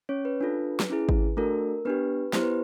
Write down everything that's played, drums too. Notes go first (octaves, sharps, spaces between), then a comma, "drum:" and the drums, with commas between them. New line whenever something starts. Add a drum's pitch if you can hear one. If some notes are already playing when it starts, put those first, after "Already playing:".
C#4 C#5
B4
D4 F4 A4
drum: snare
C#4 E4 G#4
drum: kick G#1
A3 D4 F#4 A4 A#4
B3 D4 G4 B4
B3 E4 G4 C5, drum: snare
B4